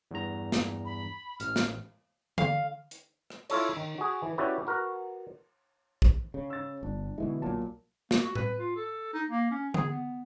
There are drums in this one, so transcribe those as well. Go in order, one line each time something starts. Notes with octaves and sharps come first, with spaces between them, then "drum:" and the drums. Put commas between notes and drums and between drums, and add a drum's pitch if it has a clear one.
E2 G2 A#5
drum: snare
B5
A1 F6, drum: hi-hat
drum: snare
F5, drum: tom D3
drum: hi-hat
drum: rim click
E4 F4 A4 C#5, drum: cymbal
D#3
F#4 G#4
E3
C#4 E4 F#4 G4 B4 D5
F#4 A#4 B4
drum: kick
C#3
E6 A6
G1 D4
B2 D3 E3 G#3 E4
B1 A#2 F#3 A#3 A5
A#3, drum: snare
F#4
B4, drum: tom A2
F4
A4
D#4
A#3
C#4
G#4, drum: tom D3
B3